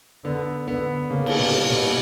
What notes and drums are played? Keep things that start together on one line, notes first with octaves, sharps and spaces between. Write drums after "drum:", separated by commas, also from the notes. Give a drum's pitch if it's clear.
D3 B3
D3 B3
C#3 A#3
drum: cymbal
B2 G3
B2 G3